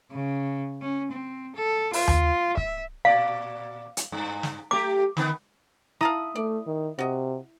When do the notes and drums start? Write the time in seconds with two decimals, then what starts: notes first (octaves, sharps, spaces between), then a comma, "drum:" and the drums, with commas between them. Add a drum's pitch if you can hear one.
0.12 C#3
0.82 C#4
1.11 C4
1.55 A4
1.93 F4, drum: open hi-hat
2.08 drum: tom D#2
2.57 E5, drum: kick
3.05 A#2 D5 F5
3.97 drum: hi-hat
4.12 G2
4.43 drum: snare
4.71 A3 G4 D6
5.17 D3 D#3 B3, drum: snare
6.01 E4 F5 A5 A#5 D#6
6.35 A3 D5
6.67 D#3
6.99 C3 F#4 D#5